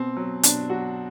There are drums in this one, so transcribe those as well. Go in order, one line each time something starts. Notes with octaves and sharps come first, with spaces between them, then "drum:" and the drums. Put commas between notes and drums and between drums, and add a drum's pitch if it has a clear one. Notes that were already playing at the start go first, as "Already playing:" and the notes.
Already playing: B2 C4
F#3
B2 D4, drum: hi-hat
F#3 F#4